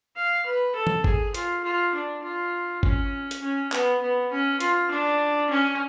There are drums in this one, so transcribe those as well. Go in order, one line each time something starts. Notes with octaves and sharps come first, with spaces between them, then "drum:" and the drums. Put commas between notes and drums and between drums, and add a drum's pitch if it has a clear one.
F5
B4
A4
drum: tom
G#4, drum: kick G1
F4, drum: hi-hat
F4
D4
F4
C#4, drum: kick G1
drum: hi-hat
C#4
B3, drum: clap
B3
C#4
F4, drum: hi-hat
D4
C#4